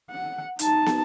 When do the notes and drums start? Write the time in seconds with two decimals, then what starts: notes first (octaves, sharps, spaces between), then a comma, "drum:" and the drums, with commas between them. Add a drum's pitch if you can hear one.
0.10 F#5
0.59 D#4 A5, drum: hi-hat
0.86 drum: snare